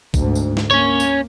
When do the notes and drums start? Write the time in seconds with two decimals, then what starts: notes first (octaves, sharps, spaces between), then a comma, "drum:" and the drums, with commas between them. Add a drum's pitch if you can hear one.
0.14 D2 G#2, drum: kick, tambourine
0.35 drum: tambourine
0.57 drum: snare
0.71 A#3 C#4 C#5
1.00 drum: tambourine